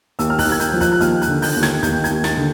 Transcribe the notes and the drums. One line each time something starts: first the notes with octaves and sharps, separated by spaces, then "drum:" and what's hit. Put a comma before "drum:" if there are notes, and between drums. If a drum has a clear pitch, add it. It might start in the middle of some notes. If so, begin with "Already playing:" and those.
D#2 E6, drum: hi-hat
F6
F#6, drum: kick, open hi-hat
D#2
G#6
G6, drum: hi-hat
F3
F#6, drum: kick, hi-hat
F#6
D#2 F6, drum: hi-hat
F#6, drum: hi-hat
D3
G6, drum: open hi-hat
D#2
G#6, drum: snare
D#2 G6, drum: kick, hi-hat
G#6, drum: hi-hat
D#2
A6, drum: snare
D3